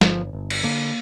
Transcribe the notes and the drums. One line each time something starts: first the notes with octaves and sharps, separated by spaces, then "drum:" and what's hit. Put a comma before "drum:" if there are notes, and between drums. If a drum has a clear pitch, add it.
G1 F3, drum: snare
G1
drum: cymbal
D3 A#3